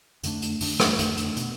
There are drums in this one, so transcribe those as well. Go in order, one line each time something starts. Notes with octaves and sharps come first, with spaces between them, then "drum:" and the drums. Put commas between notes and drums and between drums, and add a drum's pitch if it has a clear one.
F2 D3 A3 D4, drum: hi-hat
drum: hi-hat
F2 D3 A3 D4, drum: open hi-hat
drum: rim click
F2 D3 A3 D4, drum: hi-hat
drum: hi-hat
B2 B3, drum: hi-hat